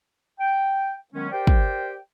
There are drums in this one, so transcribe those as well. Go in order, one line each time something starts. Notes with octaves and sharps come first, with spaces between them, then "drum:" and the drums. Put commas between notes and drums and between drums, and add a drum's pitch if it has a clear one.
G5
D#3 F#3 G#3 B3 C#4
G4 A#4 C5 D5 G5
drum: kick